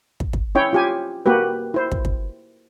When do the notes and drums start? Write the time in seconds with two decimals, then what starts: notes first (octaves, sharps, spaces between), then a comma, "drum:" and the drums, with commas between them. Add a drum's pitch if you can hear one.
0.20 drum: kick
0.33 drum: kick
0.55 C#4 E4 C#5 G5
0.73 F4 G4 G#5
1.26 A#3 F#4 G4 B4
1.74 E4 C5
1.92 drum: kick
2.05 drum: kick